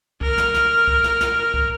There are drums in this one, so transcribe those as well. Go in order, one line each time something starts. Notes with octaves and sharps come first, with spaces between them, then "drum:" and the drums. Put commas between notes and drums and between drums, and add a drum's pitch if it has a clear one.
A#4 F6, drum: kick C2
drum: snare
drum: snare
drum: kick C2
drum: snare
drum: snare
drum: kick C2